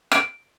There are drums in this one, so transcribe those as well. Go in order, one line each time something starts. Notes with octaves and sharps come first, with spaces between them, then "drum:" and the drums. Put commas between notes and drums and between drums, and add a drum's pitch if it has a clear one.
D7, drum: rim click